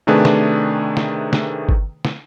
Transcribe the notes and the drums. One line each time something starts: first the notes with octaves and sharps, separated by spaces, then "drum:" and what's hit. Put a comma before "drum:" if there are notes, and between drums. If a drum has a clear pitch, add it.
C3 D#3 A3 D4 G#4 B4
drum: snare
drum: snare
drum: snare
drum: kick G1
drum: snare